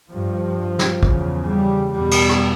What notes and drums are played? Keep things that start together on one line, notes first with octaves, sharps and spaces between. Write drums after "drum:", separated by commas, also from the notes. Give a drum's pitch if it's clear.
G2 F3
drum: snare
E2 C#3, drum: kick
G3
E2 B2 G3
drum: cymbal
drum: rim click